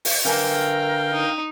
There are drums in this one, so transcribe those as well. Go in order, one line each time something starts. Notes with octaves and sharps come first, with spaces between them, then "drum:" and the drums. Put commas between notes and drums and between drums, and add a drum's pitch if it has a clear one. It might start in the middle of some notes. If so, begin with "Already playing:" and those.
drum: open hi-hat
D3 A#4 B4 F5 G5 G#5
D#4